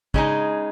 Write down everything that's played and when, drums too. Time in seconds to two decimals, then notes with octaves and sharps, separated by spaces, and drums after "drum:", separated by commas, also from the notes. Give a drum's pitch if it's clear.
0.14 C#3 G#3 D#4, drum: kick